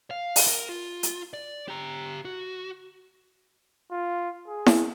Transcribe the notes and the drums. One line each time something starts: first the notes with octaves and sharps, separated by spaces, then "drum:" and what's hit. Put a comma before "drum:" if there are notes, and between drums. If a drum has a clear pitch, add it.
F5
drum: open hi-hat
A#4
F4
drum: hi-hat
D5
G4 A#5
F#4
F4
G#4
drum: snare E4